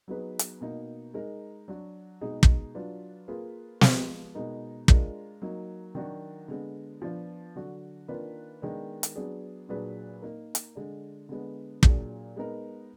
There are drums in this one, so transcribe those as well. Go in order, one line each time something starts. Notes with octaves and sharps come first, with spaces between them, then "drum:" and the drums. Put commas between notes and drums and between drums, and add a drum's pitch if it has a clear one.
F#3 B3 D#4 G#4 B4
drum: hi-hat
B2 A#3 D#4
G#3 D#4 A#4
F#3 D4 F#4
B2 G#3 D#4 G#4
drum: kick
F#3 D4 F4 B4
A#3 F4 G#4 B4
F3 G#3 B3, drum: snare
B2 G#3 D#4 A#4
G#3 D4 F4 A#4, drum: kick
F#3 A#3 D#4
D#3 F#3 D4 F#4
D3 G#3 B3
F3 B3 D4 F4
D3 F#3 D4 F#4
D#3 A#3 D4 F4 B4
D#3 G#3 B3 D4
drum: hi-hat
F#3 B3 D4 G#4
A#2 F#3 D4 G#4 B4
A#3 D#4 A#4
drum: hi-hat
D3 G#3 D4
D3 G#3 B3
A#2 F#3 D4 G#4, drum: kick
G#3 B3 D#4 A#4